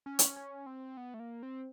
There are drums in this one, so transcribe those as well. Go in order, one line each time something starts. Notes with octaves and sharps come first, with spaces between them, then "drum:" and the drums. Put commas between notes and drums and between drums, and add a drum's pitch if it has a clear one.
C#4
drum: hi-hat
C#4
C4
B3
A3
A#3
C4